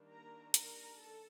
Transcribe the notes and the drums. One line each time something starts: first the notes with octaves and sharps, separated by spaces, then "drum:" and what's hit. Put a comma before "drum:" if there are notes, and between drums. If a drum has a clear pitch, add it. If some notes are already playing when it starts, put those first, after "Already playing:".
Already playing: D#3 G3 A#3 D4
A#4 A#5
A#4 A#5, drum: hi-hat
A4 A5